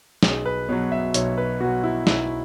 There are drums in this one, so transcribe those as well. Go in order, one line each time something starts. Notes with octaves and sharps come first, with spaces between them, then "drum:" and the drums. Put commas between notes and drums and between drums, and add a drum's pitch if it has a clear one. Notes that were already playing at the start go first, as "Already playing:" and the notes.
B1 G#4, drum: snare
B4
B2 F#3 C#5
E5
B1 C#5, drum: hi-hat
B4
B2 F#3 F#4
E4
B1 E4, drum: snare